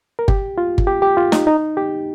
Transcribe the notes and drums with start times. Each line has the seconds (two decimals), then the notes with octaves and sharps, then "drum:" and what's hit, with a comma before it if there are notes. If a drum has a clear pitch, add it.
0.19 A#4
0.28 G4, drum: kick G1
0.58 F4
0.78 drum: kick G1
0.87 G4
1.02 G4
1.17 F4
1.32 D#4, drum: snare
1.47 D#4
1.77 G4